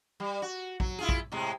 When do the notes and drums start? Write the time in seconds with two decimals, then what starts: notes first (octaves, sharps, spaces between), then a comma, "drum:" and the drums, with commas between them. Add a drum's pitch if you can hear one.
0.20 G3
0.42 F#4
0.80 F#3, drum: kick A#1
0.99 E4 F4 G#4
1.09 drum: kick A#1
1.32 A2 C3 G#3